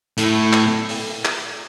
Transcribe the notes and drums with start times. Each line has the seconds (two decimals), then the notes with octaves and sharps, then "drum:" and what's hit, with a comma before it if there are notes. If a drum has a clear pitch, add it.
0.18 A2, drum: hi-hat
0.53 drum: clap
0.89 drum: open hi-hat
1.25 drum: clap